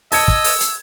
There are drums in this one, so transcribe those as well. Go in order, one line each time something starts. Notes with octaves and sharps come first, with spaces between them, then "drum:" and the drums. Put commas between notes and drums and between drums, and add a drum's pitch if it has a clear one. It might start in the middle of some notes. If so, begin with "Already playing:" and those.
D#5 A5 E6 G#6 C#7, drum: open hi-hat
drum: kick
drum: open hi-hat
drum: hi-hat